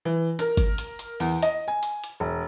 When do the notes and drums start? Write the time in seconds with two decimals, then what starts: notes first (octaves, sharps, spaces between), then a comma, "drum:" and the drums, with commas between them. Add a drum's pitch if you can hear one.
0.05 E3
0.39 A#4, drum: hi-hat
0.57 drum: kick G1, hi-hat
0.78 drum: hi-hat
0.99 drum: hi-hat
1.20 E2, drum: open hi-hat
1.43 D#5, drum: hi-hat
1.68 G#5
1.83 drum: hi-hat
2.04 drum: hi-hat
2.20 E1